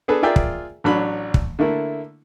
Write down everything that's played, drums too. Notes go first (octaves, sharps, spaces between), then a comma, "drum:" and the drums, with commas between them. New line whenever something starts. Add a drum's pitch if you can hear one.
B3 D4 G#4 A4 B4
F4 G#4 A#4 D5 E5 G5
drum: kick
A1 F#3 D4 B5
drum: kick
D3 A3 A#3 E4